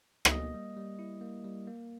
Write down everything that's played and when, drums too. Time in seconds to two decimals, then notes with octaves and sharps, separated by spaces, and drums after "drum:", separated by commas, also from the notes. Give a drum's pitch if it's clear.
0.25 E5, drum: rim click
0.31 A#3 D#5
0.54 G3
0.77 G3
0.99 E4
1.21 A#3
1.45 G3
1.67 A#3